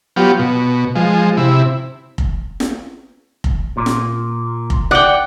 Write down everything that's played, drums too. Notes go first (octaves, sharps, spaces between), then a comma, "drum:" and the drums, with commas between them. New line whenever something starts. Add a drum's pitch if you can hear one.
F#3 B3 F4 G4
B2
F3 G#3
C3 E4
drum: kick F1
drum: snare
drum: kick F1
A#2
drum: snare
drum: kick F1
D5 F#5 G5